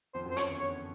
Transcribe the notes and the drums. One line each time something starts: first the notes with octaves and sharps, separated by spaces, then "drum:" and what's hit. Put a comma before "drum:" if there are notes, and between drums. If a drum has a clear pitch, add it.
F2 F3 C5
F#2 F#3
C5
C#5, drum: hi-hat
E2 E3
D3 C#5